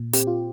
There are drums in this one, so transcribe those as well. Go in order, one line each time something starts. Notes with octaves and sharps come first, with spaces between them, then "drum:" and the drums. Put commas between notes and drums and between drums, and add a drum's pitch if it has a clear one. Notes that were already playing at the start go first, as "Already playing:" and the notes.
Already playing: A#2
C4 G4, drum: hi-hat
F4